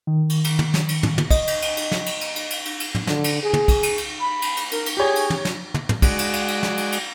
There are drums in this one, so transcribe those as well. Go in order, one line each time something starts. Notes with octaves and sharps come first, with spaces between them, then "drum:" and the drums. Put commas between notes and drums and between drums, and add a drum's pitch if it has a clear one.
D#3
drum: cymbal
drum: cymbal
drum: tom
drum: snare
drum: cymbal
drum: tom
drum: tom
D#5, drum: kick, cymbal
drum: cymbal
drum: cymbal
drum: cymbal
drum: snare
drum: cymbal
drum: cymbal
drum: cymbal
drum: cymbal
drum: cymbal
drum: cymbal
drum: tom
D3, drum: snare
drum: cymbal
G#4
drum: tom
drum: kick, cymbal
drum: cymbal
drum: cymbal
B5
drum: cymbal
drum: cymbal
A#4, drum: cymbal
drum: cymbal
G4 G#4 C#5
drum: cymbal
drum: tom
drum: snare
drum: tom
drum: tom
G#3 F#4 D5, drum: kick, cymbal
drum: cymbal
drum: cymbal
drum: cymbal
drum: snare
drum: cymbal
drum: cymbal